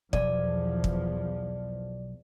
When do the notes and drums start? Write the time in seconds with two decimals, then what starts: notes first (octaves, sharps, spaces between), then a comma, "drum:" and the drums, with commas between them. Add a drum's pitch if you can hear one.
0.13 B1 E2 F3 D5, drum: kick
0.84 drum: kick